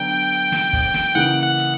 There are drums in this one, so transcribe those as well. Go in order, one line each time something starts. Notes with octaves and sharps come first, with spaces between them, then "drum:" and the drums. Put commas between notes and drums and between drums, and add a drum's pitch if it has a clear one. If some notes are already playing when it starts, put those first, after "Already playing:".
Already playing: D3 F#3 B3 D4 G5
drum: hi-hat
drum: snare
drum: kick, open hi-hat
drum: snare
C#3 E3 A#3 F#5
F#5
drum: hi-hat